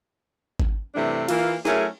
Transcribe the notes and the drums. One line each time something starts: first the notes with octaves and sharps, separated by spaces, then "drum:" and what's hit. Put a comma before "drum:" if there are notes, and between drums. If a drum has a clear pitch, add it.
drum: kick G#1
G2 C3 E3 A3 D4
E3 A#3 F4, drum: cymbal
F#3 A3 C#4 E4 G#4 A#4, drum: snare